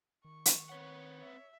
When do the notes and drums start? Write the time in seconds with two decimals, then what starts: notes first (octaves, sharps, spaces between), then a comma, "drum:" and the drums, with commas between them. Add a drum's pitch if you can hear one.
0.25 D#3 C#6
0.46 drum: hi-hat
0.69 C4 B4 C#5 F#5
1.23 E5